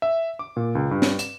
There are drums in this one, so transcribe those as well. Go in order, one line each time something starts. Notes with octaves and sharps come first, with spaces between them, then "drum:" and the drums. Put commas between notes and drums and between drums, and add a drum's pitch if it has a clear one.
E5
D6
A#2
C#2
G2
drum: snare
E7, drum: hi-hat